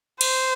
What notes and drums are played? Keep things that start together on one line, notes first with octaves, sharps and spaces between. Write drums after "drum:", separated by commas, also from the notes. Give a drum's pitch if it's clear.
C5, drum: cymbal